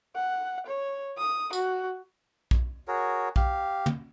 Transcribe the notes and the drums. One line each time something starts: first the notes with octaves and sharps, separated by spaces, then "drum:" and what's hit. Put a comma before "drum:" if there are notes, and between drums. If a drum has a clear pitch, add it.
F#5
C#5
D#6
F#4, drum: tambourine
drum: kick
F#4 G#4 A#4 C#5
G4 F5, drum: kick
drum: tom